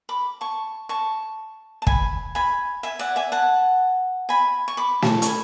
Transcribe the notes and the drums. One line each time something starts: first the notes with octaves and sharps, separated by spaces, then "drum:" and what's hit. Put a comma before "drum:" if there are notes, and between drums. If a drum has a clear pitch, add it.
B5 D6
A5 C#6
A5 C#6
A5
G#5 B5, drum: kick
G#5 B5
E5 G#5
D5 F#5
E5 G#5
F#5 A5
G#5 B5
C#6
B5 D6
A5 C#6, drum: snare
C#6, drum: hi-hat
G#5 B5